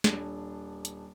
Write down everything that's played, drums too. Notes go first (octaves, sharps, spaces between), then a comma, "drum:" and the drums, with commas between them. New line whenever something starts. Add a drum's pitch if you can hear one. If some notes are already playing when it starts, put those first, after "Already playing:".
D#1 D4, drum: snare
drum: hi-hat